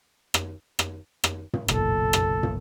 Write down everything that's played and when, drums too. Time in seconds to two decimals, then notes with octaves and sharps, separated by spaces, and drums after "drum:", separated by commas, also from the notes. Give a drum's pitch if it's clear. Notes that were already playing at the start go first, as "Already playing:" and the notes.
0.34 drum: rim click
0.79 drum: rim click
1.24 drum: rim click
1.53 drum: tom
1.68 F#1 B1 A#2 A4, drum: rim click
2.13 drum: rim click
2.43 drum: tom